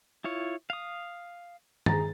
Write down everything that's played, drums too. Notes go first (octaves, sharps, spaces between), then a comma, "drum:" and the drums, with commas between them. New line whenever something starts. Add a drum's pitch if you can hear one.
E4 F4 C#5
F5 D#6
G#4 A#5 A6, drum: tom